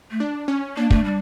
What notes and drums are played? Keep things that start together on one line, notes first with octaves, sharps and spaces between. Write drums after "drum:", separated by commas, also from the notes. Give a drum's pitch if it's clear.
A3
D4
C#4
A#3 D4
A3, drum: kick
G3